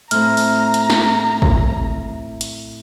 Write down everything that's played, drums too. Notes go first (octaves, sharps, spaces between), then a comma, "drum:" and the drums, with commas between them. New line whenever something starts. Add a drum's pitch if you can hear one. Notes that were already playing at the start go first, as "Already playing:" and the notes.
A2 C4 A#5 F6, drum: hi-hat
drum: open hi-hat
drum: hi-hat
drum: snare
drum: kick
drum: hi-hat